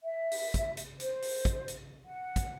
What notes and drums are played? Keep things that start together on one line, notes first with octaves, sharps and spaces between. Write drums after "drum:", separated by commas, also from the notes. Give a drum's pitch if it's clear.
E5
drum: open hi-hat
drum: kick, hi-hat
drum: hi-hat
C5, drum: hi-hat
drum: open hi-hat
drum: kick, hi-hat
drum: hi-hat
F#5
drum: kick, hi-hat